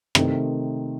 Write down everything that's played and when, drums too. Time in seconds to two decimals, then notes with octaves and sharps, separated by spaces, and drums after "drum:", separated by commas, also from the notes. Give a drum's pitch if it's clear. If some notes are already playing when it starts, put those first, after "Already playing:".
0.15 C3 D#3 A3 C4 D#4, drum: rim click